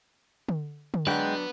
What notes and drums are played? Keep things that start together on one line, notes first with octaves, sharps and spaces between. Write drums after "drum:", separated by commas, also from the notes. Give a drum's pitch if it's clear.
drum: tom D3
drum: tom D3
F#3 G#3 B3 D4 B4 F#5 G5